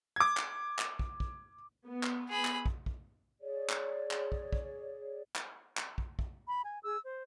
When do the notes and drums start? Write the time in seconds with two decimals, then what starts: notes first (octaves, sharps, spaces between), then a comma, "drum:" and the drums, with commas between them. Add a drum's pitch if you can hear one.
0.16 D6 G#6
0.37 drum: clap
0.79 drum: clap
0.99 drum: kick
1.20 drum: kick
1.88 B3
2.03 drum: clap
2.29 G#4 B5
2.45 drum: clap
2.66 drum: kick
2.86 drum: kick
3.41 G#4 C#5 D5
3.69 drum: clap
4.11 drum: clap
4.32 drum: kick
4.53 drum: kick
5.36 drum: clap
5.77 drum: clap
5.98 drum: kick
6.19 drum: kick
6.47 B5
6.64 G#5
6.84 G#4 E6
7.06 C5